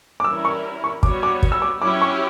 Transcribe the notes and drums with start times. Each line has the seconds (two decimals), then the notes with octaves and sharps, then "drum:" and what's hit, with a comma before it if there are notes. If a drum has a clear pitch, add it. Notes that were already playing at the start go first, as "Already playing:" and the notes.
0.20 D6
0.24 E3 G3 C#4 E4 A#4 E6
0.45 C#6
0.84 C#6
1.03 G3 B3 F#4 C#5 D6, drum: kick
1.23 D6
1.43 drum: kick
1.52 E6
1.62 D6
1.81 F#3 C#4 E4 G4 C#5 D6
2.02 C#6